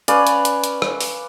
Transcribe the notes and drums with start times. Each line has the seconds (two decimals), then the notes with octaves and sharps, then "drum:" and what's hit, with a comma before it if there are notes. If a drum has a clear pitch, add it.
0.08 C#4 B4 D5 F5, drum: hi-hat
0.27 drum: hi-hat
0.45 drum: hi-hat
0.64 drum: hi-hat
0.82 drum: rim click
1.01 drum: open hi-hat